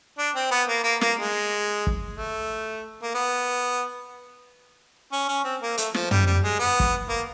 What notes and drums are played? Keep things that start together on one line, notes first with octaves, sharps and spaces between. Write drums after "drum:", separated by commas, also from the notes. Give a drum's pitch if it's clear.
D4
C4
B3
A#3
A#3
A#3, drum: snare
G#3
drum: kick
A3
A#3
B3
C#4
C#4
C4
A#3
A3, drum: hi-hat
F3, drum: snare
G3, drum: tom
G3
G#3
B3
drum: kick
A#3